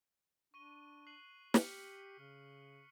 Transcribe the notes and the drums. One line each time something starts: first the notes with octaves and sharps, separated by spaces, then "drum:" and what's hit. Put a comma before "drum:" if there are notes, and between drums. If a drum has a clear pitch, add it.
D4 C#6 D#7 G7
F#6 C7 F#7
G4 F6 B6 C#7, drum: snare
C#3 F6